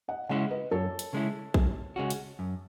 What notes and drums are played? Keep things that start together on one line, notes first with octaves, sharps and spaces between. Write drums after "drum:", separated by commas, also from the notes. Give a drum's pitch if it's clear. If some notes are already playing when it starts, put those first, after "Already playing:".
D#5 F#5
C#3 G#3 C#4 E4 D#5 F#5
B4 D#5
F#2 A4 C#5
drum: hi-hat
C#3 G#3 C#4 E4
F#2, drum: kick A#1
C#3 G#3 C#4 F#4
drum: hi-hat
F#2